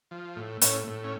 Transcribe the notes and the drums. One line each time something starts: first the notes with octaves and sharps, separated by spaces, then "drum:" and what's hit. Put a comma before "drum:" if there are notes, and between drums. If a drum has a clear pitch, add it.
F3
A2
A2 C#4, drum: hi-hat
A2
C#4